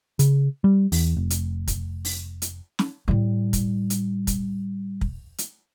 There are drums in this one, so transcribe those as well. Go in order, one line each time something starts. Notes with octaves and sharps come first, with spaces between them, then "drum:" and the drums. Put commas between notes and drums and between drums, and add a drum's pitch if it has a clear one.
C#3, drum: hi-hat
G3
E2, drum: open hi-hat
F1
drum: hi-hat
drum: kick, hi-hat
drum: open hi-hat
drum: hi-hat
drum: snare
A2 G3
drum: kick, hi-hat
drum: hi-hat
drum: kick, hi-hat
drum: kick
drum: hi-hat